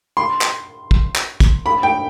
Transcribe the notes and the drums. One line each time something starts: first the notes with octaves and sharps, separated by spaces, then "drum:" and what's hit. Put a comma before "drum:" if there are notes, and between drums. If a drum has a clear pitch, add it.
C6
drum: clap
drum: kick
drum: clap
drum: kick, hi-hat
B5
G5